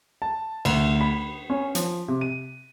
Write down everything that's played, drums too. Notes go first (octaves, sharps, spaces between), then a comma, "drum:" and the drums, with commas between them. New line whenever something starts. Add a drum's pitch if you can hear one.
A5
D2, drum: cymbal
B5
C#4
F3, drum: hi-hat
C3
D#7